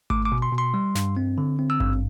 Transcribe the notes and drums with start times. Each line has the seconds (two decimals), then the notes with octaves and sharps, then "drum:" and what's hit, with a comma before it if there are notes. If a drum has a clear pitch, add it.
0.10 A3 D6, drum: kick G#1
0.25 D6
0.32 B2
0.42 C6
0.52 B2
0.58 C6
0.74 G3
0.95 G2, drum: snare
1.17 C4
1.38 D3
1.59 C4
1.70 E6
1.80 G2, drum: kick G#1